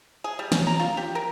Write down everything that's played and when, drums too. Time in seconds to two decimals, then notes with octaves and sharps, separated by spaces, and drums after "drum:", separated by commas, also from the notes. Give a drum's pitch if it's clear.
0.24 G#4
0.39 G3
0.52 C#4, drum: snare
0.67 A#5
0.79 F4
0.97 G4
1.15 A#4